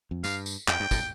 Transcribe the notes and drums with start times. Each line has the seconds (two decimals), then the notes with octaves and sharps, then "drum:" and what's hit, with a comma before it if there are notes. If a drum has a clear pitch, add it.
0.11 F2
0.24 G2 F5, drum: tambourine
0.46 drum: tambourine
0.68 F2 G5, drum: clap
0.80 G2
0.91 A2, drum: kick, tambourine